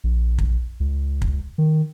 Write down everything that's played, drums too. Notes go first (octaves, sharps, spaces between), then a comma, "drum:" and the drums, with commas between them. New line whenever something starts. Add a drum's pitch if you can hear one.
A#1
drum: kick
C#2
drum: kick
D#3